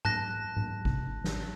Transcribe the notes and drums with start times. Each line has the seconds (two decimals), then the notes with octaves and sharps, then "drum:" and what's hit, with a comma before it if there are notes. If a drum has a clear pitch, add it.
0.05 A5 F#6 A#6, drum: tom G#2
0.56 drum: tom G#2
0.85 drum: kick G#1
1.24 drum: snare